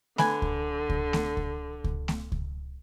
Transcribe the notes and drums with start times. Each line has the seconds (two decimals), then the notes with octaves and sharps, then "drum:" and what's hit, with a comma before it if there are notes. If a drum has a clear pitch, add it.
0.18 D3 B4 G#5, drum: snare A3
0.42 drum: kick C#2
0.89 drum: kick C#2
1.13 drum: snare A3
1.37 drum: kick C#2
1.84 drum: kick C#2
2.08 drum: snare A3
2.32 drum: kick C#2